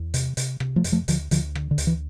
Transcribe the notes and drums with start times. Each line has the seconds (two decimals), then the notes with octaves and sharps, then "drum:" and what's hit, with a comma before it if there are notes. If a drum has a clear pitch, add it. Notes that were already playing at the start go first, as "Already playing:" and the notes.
Already playing: E2
0.14 C3, drum: hi-hat
0.37 C3, drum: hi-hat
0.60 C3, drum: rim click
0.76 F3 A3
0.84 F2, drum: hi-hat
0.92 F3 A3
1.08 D2 D3 F3, drum: hi-hat
1.31 D2 D3 F3, drum: hi-hat
1.55 D3, drum: rim click
1.71 D3
1.78 D2, drum: hi-hat
1.87 E3